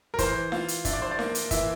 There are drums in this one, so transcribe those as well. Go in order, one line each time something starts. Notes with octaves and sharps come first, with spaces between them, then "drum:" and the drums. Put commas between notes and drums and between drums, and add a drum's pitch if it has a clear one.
A#4
E3 C5, drum: kick, hi-hat
F4, drum: snare D#4
drum: hi-hat
D4 E5, drum: kick, hi-hat
D5
C5
D5
A#3, drum: snare D#4
drum: hi-hat
E3 E5, drum: kick, hi-hat